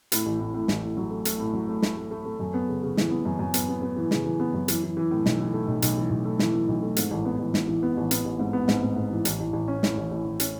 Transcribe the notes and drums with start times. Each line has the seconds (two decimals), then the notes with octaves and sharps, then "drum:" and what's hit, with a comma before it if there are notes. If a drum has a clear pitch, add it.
0.12 A2, drum: hi-hat
0.26 A1
0.40 A2
0.54 A2
0.68 A1, drum: snare
0.83 A2
0.97 F#3
1.11 A3
1.25 A3, drum: hi-hat
1.40 A2
1.53 F#3
1.69 A3
1.82 A3, drum: snare
1.97 A3
2.11 A3
2.25 A3
2.40 F#2
2.54 B3
2.69 C#3
2.83 C#3
2.97 E3, drum: snare
3.10 B3
3.25 F#2
3.39 F#2
3.54 B3, drum: hi-hat
3.69 B3
3.82 B3
3.96 E3
4.11 C#3, drum: snare
4.25 E3
4.40 B3
4.54 F#2
4.68 E3, drum: hi-hat
4.83 E3
4.97 E3
5.11 A2
5.26 B1, drum: snare
5.40 E3
5.54 A3
5.68 B1
5.82 B1, drum: hi-hat
5.97 E3
6.10 B1
6.25 A3
6.39 E3, drum: snare
6.54 E3
6.68 B1
6.82 A3
6.96 G#2, drum: hi-hat
7.11 A1
7.25 B3
7.39 A1
7.54 A1, drum: snare
7.68 E3
7.83 B3
7.97 A1
8.11 B3, drum: hi-hat
8.25 A1
8.39 G#2
8.53 B3
8.68 G#2, drum: snare
8.82 G#2
8.96 G#2
9.11 E3
9.25 A1, drum: hi-hat
9.40 A1
9.53 A1
9.68 C#4
9.83 A2, drum: snare
9.97 A1
10.11 A1
10.26 A1
10.40 C#4, drum: hi-hat